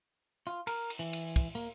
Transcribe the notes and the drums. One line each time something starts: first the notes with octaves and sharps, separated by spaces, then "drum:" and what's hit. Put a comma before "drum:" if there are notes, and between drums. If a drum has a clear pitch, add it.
F4
A#4, drum: cymbal
drum: cymbal
E3
drum: cymbal
drum: kick, cymbal
A#3